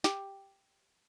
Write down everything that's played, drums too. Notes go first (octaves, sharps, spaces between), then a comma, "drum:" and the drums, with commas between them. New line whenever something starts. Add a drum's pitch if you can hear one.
G4, drum: snare